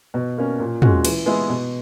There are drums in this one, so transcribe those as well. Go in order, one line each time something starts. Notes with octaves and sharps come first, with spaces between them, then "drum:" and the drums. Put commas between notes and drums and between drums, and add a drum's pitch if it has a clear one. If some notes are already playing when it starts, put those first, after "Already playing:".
B2
A#3 C#4
A#2
G#3 C#4 F#4, drum: tom
E3, drum: cymbal
G#3 B3 E4 G#4
B2